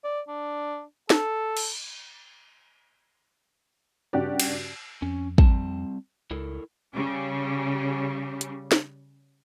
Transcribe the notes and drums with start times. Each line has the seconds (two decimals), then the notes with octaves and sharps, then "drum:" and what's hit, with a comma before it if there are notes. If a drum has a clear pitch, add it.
0.04 D5
0.29 D4
1.10 A4, drum: snare
1.57 drum: cymbal
4.13 G2 C#3 F#4 G4 D5
4.40 drum: cymbal
5.02 F2 C#4
5.38 G3 C4 A5, drum: kick
6.31 C#2 E4 A4 A#4
6.94 C#3 G3
8.41 drum: hi-hat
8.72 drum: snare